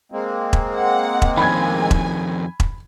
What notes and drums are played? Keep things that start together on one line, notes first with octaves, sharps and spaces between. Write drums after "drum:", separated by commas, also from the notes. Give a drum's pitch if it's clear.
G#3 A#3 C4
drum: kick E1
F#5
drum: kick E1
F2 D#3 G#5 B5 G#6
drum: kick E1
drum: kick E1